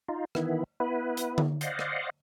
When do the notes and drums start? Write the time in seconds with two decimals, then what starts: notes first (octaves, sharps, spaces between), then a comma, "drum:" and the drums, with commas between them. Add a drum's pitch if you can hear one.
0.08 D#4 F4
0.35 D#3 E3 B3 E4, drum: rim click
0.80 B3 E4 B4
1.17 drum: hi-hat
1.38 drum: tom D3
1.61 C5 D5 D#5 F5 F#5, drum: hi-hat
1.79 drum: rim click